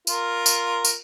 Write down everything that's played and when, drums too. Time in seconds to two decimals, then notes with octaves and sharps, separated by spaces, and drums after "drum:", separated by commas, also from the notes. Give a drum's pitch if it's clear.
0.07 F4 A#4, drum: tambourine
0.46 drum: tambourine
0.85 drum: tambourine